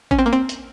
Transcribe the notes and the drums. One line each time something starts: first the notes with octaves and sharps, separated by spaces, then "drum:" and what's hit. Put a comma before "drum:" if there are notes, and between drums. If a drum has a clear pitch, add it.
C#4, drum: kick G#1
C4
A#3
C4
drum: hi-hat